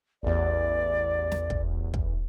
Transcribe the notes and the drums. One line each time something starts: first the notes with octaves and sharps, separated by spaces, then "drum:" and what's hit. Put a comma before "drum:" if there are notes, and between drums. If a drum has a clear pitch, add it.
A1 E2 D5
drum: snare
drum: kick
drum: kick